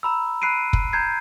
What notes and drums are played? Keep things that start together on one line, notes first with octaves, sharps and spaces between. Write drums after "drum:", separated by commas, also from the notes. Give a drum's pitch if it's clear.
A#5 B5 E6
B5 F#6 C7 D7 D#7
drum: kick
A#5 G6 G#6 C7